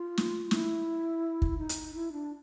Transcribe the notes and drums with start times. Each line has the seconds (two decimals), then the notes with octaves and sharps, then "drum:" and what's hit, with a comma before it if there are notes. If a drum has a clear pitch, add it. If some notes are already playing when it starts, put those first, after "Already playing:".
Already playing: F4
0.17 drum: snare
0.51 E4, drum: snare
1.42 drum: kick
1.58 D#4
1.69 drum: hi-hat
1.95 E4
2.13 D4